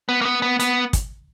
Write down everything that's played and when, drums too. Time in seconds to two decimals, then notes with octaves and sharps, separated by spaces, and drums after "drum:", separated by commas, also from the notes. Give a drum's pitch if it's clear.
0.09 B3
0.21 A#3
0.25 B3
0.42 B3
0.60 B3, drum: hi-hat
0.93 drum: kick, hi-hat